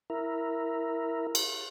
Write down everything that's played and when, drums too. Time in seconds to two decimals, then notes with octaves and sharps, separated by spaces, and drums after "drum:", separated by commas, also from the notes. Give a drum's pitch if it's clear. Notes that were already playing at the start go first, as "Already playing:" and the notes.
0.10 E4 A#4
1.35 drum: cymbal